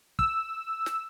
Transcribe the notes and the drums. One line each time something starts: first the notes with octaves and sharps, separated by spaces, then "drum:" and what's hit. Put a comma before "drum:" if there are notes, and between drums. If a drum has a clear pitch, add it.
E6, drum: kick
drum: snare